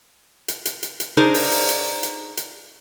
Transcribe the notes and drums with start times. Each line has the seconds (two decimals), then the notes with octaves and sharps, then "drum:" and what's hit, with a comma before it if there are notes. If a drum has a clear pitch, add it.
0.48 drum: hi-hat
0.65 drum: hi-hat
0.83 drum: hi-hat
1.00 drum: hi-hat
1.17 D4 D#4 G#4 A#4 C5 D5
1.34 drum: open hi-hat
1.51 drum: open hi-hat
1.69 drum: hi-hat
2.03 drum: hi-hat
2.37 drum: hi-hat